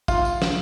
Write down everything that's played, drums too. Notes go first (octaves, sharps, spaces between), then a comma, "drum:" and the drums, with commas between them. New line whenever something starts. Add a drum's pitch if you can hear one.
F4, drum: kick, tambourine
drum: tambourine
drum: snare